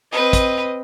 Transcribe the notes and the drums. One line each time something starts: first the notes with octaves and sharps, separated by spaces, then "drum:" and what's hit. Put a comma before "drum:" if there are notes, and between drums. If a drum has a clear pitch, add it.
C4 B4 D#5
drum: kick, hi-hat